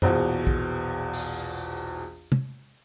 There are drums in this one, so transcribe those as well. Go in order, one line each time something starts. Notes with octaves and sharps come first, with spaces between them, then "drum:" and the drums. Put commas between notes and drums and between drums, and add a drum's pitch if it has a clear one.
A#1 E2 B2 C5, drum: tom F#2
drum: kick
drum: open hi-hat
drum: tom